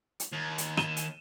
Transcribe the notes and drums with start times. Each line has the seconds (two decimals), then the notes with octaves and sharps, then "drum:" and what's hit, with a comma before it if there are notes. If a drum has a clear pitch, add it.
0.20 drum: hi-hat
0.33 D#2
0.58 drum: hi-hat
0.77 D#7 E7 G7, drum: rim click
0.97 drum: hi-hat